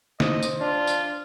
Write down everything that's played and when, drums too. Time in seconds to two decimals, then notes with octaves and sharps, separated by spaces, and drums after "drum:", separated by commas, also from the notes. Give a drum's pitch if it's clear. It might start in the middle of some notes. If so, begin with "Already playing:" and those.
0.20 C5 D#5, drum: snare
0.43 drum: tambourine
0.61 D4 F4
0.87 drum: tambourine